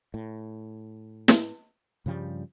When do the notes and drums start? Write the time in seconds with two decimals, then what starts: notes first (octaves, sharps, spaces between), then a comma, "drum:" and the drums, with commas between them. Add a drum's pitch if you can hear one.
0.14 A2
1.28 drum: snare
2.06 G2 C#3 F3 G3